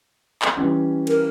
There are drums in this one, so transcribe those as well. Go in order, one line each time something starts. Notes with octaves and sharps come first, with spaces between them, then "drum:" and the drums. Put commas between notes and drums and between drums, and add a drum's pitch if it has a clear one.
drum: clap
E3 G3 C#4 G4
A#4, drum: cymbal